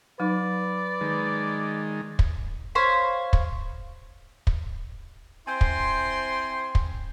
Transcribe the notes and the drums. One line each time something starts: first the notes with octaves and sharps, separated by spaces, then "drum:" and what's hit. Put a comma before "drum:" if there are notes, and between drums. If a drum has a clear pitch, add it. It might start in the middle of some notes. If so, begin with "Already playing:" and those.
F#3 D#4 B4 D5
D#3 G#3
drum: kick
C5 C#5 F5 B5
drum: kick
drum: kick
C4 E4 C5 G#5 C6
drum: kick
drum: kick